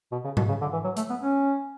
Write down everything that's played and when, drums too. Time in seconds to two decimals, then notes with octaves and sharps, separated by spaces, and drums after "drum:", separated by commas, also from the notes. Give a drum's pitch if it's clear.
0.12 B2
0.25 C#3
0.37 B2, drum: tom G#2
0.48 C#3
0.61 D3
0.73 E3
0.84 F#3
0.97 A3, drum: hi-hat
1.10 B3
1.21 C#4